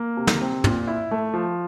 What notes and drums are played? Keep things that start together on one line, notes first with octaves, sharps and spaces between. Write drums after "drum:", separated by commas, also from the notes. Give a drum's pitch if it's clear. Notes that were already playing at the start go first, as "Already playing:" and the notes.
Already playing: A#3
C3
drum: snare
C4
A#2, drum: tom
E4
A3
F3